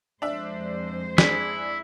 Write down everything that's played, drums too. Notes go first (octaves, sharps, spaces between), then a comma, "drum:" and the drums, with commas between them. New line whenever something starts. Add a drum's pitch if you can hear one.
F2 G#3 D4 C5 E5
D4 E4 G#4, drum: snare